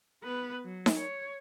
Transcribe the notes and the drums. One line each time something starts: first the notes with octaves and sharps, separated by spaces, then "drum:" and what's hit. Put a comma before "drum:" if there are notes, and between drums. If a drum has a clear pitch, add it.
B3 B4
F#3
drum: snare D#4
C#5